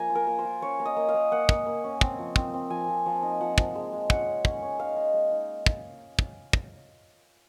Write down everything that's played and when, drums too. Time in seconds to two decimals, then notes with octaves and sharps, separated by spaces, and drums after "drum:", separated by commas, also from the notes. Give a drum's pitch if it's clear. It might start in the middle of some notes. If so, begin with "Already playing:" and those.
Already playing: F3 A#3 G#5 A#5
0.10 F4
0.15 A#4
0.27 A#3
0.39 C5
0.45 F4
0.62 C#4 C#5
0.80 A#3
0.85 D#5
0.96 A#3
1.09 F5
1.14 A#3
1.32 A#3 F#5
1.49 A#3, drum: kick
1.66 A#3
1.84 C#4
2.01 C4, drum: kick
2.19 F3
2.36 C4, drum: kick
2.54 C4
2.70 F3 G#5
2.88 F3
3.06 F3
3.23 D#4
3.41 F3 F#5
3.58 F3, drum: kick
3.75 G#3
3.93 G#3
4.10 C#4 F#5, drum: kick
4.27 C#4
4.45 C#4, drum: kick
4.62 C#4
4.79 D#4 F5
4.97 D#4
5.14 G#3
5.32 D#4
5.66 drum: kick
6.19 drum: kick
6.53 drum: kick